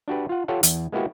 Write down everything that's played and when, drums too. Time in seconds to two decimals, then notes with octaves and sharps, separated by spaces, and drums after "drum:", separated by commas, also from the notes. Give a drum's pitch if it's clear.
0.08 D4 F#4 G4 B4
0.29 F4 F#5
0.48 F4 G4 A4 C#5 F#5
0.63 E2, drum: hi-hat
0.92 G#3 A#3 B3 E4 F#4 G4